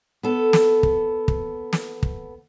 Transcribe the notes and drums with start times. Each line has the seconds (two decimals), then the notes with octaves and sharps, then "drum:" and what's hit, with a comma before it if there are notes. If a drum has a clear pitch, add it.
0.23 B3 A4
0.53 drum: snare
0.83 drum: kick
1.28 drum: kick
1.73 drum: snare
2.03 drum: kick